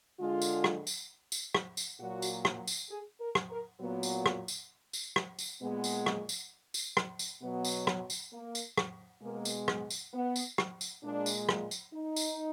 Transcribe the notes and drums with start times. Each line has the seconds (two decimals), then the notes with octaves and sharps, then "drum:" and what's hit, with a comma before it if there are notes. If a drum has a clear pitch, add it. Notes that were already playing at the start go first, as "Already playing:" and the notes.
0.19 D3 G#3 F4
0.42 drum: tambourine
0.64 drum: rim click
0.87 drum: tambourine
1.32 drum: tambourine
1.55 drum: rim click
1.77 drum: tambourine
1.99 A#2 F#3 F#4
2.22 drum: tambourine
2.45 drum: rim click
2.67 drum: tambourine
2.90 G#4
3.21 A#4
3.35 drum: rim click
3.50 A#4
3.80 A#2 F#3 B3
4.03 drum: tambourine
4.26 drum: rim click
4.48 drum: tambourine
4.93 drum: tambourine
5.16 drum: rim click
5.39 drum: tambourine
5.61 A#2 G#3 B3
5.84 drum: tambourine
6.06 drum: rim click
6.29 drum: tambourine
6.74 drum: tambourine
6.97 drum: rim click
7.19 drum: tambourine
7.42 B2 F#3 B3
7.65 drum: tambourine
7.87 drum: rim click
8.10 drum: tambourine
8.32 A#3
8.55 drum: tambourine
8.78 drum: rim click
9.22 B2 G#3 A#3
9.45 drum: tambourine
9.68 drum: rim click
9.90 drum: tambourine
10.13 B3
10.36 drum: tambourine
10.58 drum: rim click
10.81 drum: tambourine
11.03 A#2 G#3 D4
11.26 drum: tambourine
11.49 drum: rim click
11.71 drum: tambourine
11.94 D#4
12.16 drum: tambourine